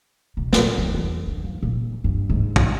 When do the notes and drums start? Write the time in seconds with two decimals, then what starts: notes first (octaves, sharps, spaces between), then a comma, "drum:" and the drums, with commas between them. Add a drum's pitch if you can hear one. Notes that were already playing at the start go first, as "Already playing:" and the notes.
0.37 B2
0.53 A#1, drum: snare
0.78 E2
0.94 E2
1.27 D3
1.44 F3
1.63 A#2
2.04 G2
2.30 G#2
2.56 E3, drum: kick